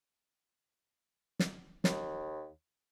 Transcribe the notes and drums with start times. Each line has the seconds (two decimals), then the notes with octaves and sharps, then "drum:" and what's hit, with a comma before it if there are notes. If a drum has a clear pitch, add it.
1.39 drum: snare
1.84 D#2, drum: snare